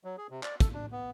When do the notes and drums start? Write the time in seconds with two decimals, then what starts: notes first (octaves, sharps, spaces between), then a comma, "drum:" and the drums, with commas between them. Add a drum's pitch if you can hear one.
0.04 F#3
0.17 G#4
0.30 C3
0.43 D5, drum: clap
0.60 A4, drum: kick, hi-hat
0.73 D4
0.92 B3